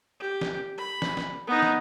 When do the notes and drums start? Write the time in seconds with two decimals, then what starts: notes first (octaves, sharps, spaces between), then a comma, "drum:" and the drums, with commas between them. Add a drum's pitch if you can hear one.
0.20 G4
0.41 drum: snare
0.78 B5
1.02 drum: snare
1.17 drum: snare
1.47 B3 D#4
1.62 drum: snare